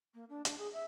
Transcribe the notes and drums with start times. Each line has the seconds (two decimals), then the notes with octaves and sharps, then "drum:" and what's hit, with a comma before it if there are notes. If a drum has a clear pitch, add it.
0.14 A#3
0.29 D4
0.45 D4, drum: hi-hat
0.58 G#4
0.72 E5